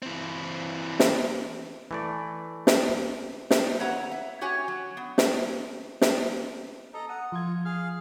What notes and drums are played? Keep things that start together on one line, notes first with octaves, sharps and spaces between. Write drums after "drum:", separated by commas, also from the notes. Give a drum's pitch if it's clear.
E3 C4
drum: snare
E3 A3 D5
drum: snare
drum: snare
D#4
B4 C#5 E5 F#5 A#5
E5
C#4 F#4 G4 C#5 G#5
F#3
B3
drum: snare
drum: snare
A4 D#5 A#5
F#5 D#6
F3 F4 G#6
G#4 F5 F6